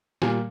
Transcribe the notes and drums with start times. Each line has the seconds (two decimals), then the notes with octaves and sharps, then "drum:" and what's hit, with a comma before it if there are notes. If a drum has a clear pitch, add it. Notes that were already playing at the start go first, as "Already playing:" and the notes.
0.22 A#2 G3 A#3 G#5, drum: snare